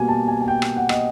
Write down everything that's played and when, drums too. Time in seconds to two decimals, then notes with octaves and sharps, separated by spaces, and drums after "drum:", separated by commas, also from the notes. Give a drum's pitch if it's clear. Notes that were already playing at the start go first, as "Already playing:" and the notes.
Already playing: B2 G3 A#3 G#5
0.08 A5
0.28 G#5
0.41 G#5
0.48 G5
0.62 drum: rim click
0.77 F#5
0.89 D#5, drum: rim click